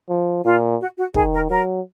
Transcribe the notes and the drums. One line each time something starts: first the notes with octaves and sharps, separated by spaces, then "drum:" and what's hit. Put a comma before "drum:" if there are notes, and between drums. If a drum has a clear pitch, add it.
F3
A#2 F4
F#4
F#4
D#3 G#4, drum: kick
A#4
F#3 A#4